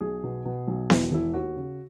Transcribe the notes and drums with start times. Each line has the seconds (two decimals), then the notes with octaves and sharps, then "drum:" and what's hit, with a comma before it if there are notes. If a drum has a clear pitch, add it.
0.01 B1 G#4
0.23 B2
0.45 B2
0.68 B1
0.90 E1 E4, drum: snare B3
1.12 E1 E4
1.34 D#2 F#4
1.56 C#3